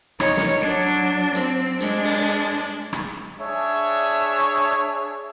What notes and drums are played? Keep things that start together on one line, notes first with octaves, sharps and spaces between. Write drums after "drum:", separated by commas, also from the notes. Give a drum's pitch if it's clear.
D#4 C#5, drum: rim click
drum: snare
F#3 D4
C4, drum: hi-hat
G#3 D4, drum: hi-hat
drum: open hi-hat
drum: rim click
D4 G#4 C#5 E5